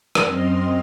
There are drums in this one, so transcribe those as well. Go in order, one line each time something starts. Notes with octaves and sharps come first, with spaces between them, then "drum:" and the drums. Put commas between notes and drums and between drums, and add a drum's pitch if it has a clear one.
drum: rim click
F#2 C4 D#5 C6 F6